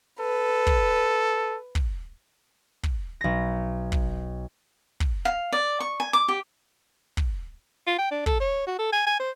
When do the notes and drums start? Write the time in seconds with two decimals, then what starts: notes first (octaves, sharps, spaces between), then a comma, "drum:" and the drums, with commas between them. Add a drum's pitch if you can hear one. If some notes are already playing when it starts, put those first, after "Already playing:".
0.20 A4 B4
0.67 drum: kick
1.75 drum: kick
2.83 drum: kick
3.21 B1 A#6
3.92 drum: kick
5.00 drum: kick
5.25 F5
5.52 D5
5.80 C#6
6.00 G#5
6.13 D6
6.28 G4
7.17 drum: kick
7.87 F4
7.98 G5
8.11 D4
8.26 A4, drum: kick
8.40 C#5
8.67 F#4
8.79 A4
8.93 G#5
9.07 G#5
9.19 C5